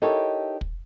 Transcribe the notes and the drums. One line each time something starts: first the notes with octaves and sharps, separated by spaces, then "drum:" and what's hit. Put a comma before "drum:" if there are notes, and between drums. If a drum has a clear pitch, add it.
D#4 E4 G4 A4 A#4 C#5
drum: kick